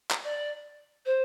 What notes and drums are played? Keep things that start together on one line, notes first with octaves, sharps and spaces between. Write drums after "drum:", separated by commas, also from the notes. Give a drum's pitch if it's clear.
drum: clap
D5
C5